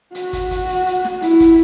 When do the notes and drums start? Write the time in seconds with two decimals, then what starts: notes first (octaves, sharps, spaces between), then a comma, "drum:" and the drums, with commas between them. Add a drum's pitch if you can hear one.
0.15 F#4, drum: hi-hat
0.33 drum: kick, hi-hat
0.51 drum: kick, hi-hat
0.69 drum: hi-hat
0.87 drum: hi-hat
1.05 drum: snare
1.22 E4, drum: hi-hat
1.40 drum: kick, hi-hat